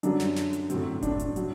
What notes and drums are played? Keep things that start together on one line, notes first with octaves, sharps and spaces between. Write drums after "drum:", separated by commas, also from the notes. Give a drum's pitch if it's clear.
F#2 D3 F#3 D4, drum: hi-hat
drum: snare
drum: snare
drum: hi-hat
A2 F#3 C4, drum: hi-hat
D4, drum: kick E1, hi-hat
drum: hi-hat
F#3, drum: hi-hat